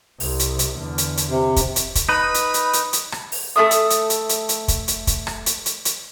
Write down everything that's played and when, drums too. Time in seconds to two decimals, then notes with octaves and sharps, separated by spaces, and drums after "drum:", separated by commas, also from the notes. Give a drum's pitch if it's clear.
0.20 C2, drum: open hi-hat
0.39 drum: hi-hat
0.59 drum: hi-hat
0.75 E2 D3
0.98 drum: hi-hat
1.17 drum: hi-hat
1.30 C3
1.56 drum: kick, hi-hat
1.76 drum: hi-hat
1.95 drum: kick, hi-hat
2.09 D#4 B4 B5
2.34 drum: hi-hat
2.54 drum: hi-hat
2.73 drum: hi-hat
2.93 drum: hi-hat
3.12 drum: rim click
3.32 drum: open hi-hat
3.56 A3 F4 E5 D#6
3.71 drum: hi-hat
3.90 drum: hi-hat
4.10 drum: hi-hat
4.29 drum: hi-hat
4.49 drum: hi-hat
4.68 drum: kick, hi-hat
4.88 drum: hi-hat
5.07 drum: kick, hi-hat
5.27 drum: rim click
5.46 drum: hi-hat
5.66 drum: hi-hat
5.85 drum: hi-hat